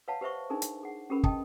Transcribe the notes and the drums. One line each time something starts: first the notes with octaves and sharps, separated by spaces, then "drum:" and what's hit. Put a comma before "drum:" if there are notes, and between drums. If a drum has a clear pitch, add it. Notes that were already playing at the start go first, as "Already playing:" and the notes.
B4 C#5 F5 F#5 A5
G4 B4 C5 E5 C#6
D4 D#4 G#4 A#4
drum: hi-hat
G#4 F#5
C#4 G4 G#4 A#4 B4 B5
D#5 G5 A5 D#6, drum: kick